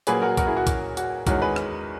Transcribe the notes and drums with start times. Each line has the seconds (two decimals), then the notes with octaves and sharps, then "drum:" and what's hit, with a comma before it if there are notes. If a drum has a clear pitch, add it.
0.07 A#2 F#3 A#3 C#4 G#4 B4, drum: hi-hat
0.22 F#4 A#4
0.37 F#4 A#4, drum: kick B1, hi-hat
0.47 E4 G#4
0.57 F#4
0.67 F#4, drum: kick B1, hi-hat
0.97 F#4, drum: hi-hat
1.27 E2 D#3 G#3 C#4 F#4 A#4, drum: kick B1, hi-hat
1.41 G#4 B4
1.56 drum: rim click